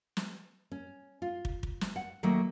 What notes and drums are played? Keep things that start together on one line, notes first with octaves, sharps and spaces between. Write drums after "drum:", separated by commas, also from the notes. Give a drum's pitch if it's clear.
drum: snare
C#4
F4
drum: kick
drum: kick
drum: snare
F#5
D#3 F#3 A3 A#3